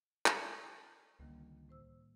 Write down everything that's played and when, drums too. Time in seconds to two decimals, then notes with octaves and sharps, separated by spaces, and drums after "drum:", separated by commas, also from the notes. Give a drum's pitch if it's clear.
0.26 drum: clap
1.19 C#2 D3 D#3 G3 A#3
1.69 A2 C5 E6